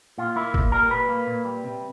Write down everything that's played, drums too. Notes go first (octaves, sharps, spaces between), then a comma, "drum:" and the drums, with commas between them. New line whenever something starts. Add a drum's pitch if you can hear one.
A#2 F4
A#3 E4
A#2, drum: kick G1
G3 A#4
A#2 B4
A#3
A#2
G3
C3